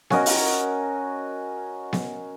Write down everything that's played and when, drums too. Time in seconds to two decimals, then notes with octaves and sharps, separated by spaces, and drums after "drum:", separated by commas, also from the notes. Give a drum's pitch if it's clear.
0.10 C#4 F#4 A#4 D#5, drum: snare B3
0.26 drum: open hi-hat
1.93 drum: snare B3